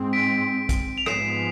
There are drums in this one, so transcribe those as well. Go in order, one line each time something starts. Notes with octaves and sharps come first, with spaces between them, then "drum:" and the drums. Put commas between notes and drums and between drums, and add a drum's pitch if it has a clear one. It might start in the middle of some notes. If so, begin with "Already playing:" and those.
Already playing: G#2 G#3 C4
B6 D7
drum: kick, hi-hat
F7
G#2 F3 G#3 B3 C7 E7, drum: rim click